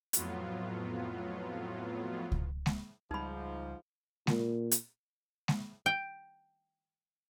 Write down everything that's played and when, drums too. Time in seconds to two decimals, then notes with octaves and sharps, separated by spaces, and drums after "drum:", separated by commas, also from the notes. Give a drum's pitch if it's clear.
0.13 F2 A2 F#3 B3 F4, drum: hi-hat
2.32 drum: kick C#2
2.66 drum: snare G#3
3.11 C#2 G#2 F3 G3 D#4 B5
4.27 A#2, drum: snare G#3
4.71 drum: hi-hat
5.48 drum: snare G#3
5.86 G5